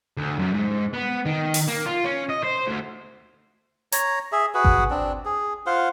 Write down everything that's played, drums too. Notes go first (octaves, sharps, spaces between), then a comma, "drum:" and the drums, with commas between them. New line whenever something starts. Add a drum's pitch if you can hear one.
D2
F#2
G#2
B3
D#3
drum: open hi-hat
A#3
F4
C#4
D#5
C5
D2
C#5 A#5, drum: hi-hat
G#4 E5
F#4 G#4 B4 F#5
drum: kick G#1
C4 D4
G#4
F4 C5 F5 F#5